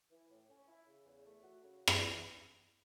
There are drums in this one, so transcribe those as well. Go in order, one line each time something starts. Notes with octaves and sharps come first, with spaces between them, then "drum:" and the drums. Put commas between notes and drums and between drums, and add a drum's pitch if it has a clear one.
E3
A2
C#4
E4
C#3
E2
A3
F#4
C#3
drum: rim click